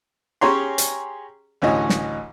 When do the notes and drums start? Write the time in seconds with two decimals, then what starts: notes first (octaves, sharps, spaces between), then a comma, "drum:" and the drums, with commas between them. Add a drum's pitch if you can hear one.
0.41 C#4 G4 G#4 C#5 A#5 C6
0.78 drum: hi-hat
1.62 A1 D2 E3 C#4 D#5
1.89 drum: snare